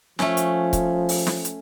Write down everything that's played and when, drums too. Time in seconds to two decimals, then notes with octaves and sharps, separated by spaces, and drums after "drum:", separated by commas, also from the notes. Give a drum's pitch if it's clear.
0.19 F3 A3 C#4, drum: snare
0.37 drum: hi-hat
0.73 drum: kick, hi-hat
1.09 drum: open hi-hat
1.27 drum: snare
1.45 drum: hi-hat